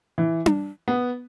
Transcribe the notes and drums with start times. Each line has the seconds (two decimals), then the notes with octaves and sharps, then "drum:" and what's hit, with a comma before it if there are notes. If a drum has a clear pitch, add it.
0.18 E3
0.46 drum: tom D4
0.88 B3